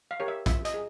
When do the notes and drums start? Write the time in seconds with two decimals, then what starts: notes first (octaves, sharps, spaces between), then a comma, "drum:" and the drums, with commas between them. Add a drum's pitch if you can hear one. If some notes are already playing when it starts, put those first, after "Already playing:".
0.11 F5
0.20 G4 A#4 C#5
0.28 E5
0.46 F4 E5, drum: kick, hi-hat
0.65 D#5, drum: hi-hat
0.74 G#4